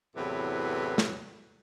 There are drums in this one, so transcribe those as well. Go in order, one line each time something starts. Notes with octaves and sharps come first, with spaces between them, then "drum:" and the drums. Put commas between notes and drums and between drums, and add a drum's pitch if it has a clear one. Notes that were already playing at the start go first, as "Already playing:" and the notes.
E2 A2 C3 F#3 B4
drum: snare